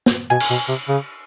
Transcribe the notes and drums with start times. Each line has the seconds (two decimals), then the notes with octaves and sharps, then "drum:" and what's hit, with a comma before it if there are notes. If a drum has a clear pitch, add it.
0.06 drum: snare
0.30 B2 G#5
0.40 drum: cymbal
0.50 B2
0.68 C3
0.89 C#3